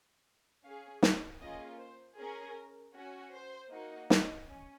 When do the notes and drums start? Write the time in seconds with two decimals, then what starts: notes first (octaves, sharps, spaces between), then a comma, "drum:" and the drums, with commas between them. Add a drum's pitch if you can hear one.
0.64 C#4 G#4 F5
1.03 D#5, drum: snare
1.40 A#3 C#4 F4 G#4 D#5
1.79 C5
2.18 C#4 G#4 A#4
2.94 C#4 F#4
3.34 C5
3.71 A#3 D#4 F#4
4.10 D#5, drum: snare
4.48 C#4